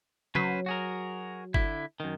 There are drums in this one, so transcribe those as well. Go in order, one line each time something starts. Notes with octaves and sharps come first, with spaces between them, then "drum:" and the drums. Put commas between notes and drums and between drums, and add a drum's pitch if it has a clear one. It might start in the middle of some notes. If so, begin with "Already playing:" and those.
F#3 C#4 B4 C5, drum: tom C#3
F#4 G#4 A#4
D3 E4, drum: kick G1
F#2 D#3